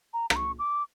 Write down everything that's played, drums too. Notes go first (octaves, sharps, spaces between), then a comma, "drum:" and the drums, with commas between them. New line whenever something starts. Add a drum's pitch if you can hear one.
A#5
A#5, drum: rim click
C#6
D6